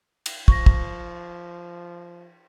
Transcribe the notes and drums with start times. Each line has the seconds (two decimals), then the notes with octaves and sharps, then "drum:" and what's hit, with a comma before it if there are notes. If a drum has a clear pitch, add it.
0.26 drum: cymbal
0.48 F3 C#6 A#6, drum: kick
0.66 drum: kick